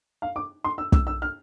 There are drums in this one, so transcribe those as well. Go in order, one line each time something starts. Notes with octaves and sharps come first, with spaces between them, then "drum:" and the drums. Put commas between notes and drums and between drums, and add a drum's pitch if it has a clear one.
F5
D6
C6
E6
E6, drum: kick
E6
F6